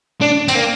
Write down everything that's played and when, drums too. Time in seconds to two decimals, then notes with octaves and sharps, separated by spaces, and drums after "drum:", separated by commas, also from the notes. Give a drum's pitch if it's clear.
0.21 D4
0.48 C4, drum: tambourine
0.55 A#3